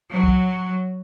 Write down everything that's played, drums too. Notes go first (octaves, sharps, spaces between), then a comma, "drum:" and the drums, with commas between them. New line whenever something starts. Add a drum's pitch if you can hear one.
F#3
drum: kick C2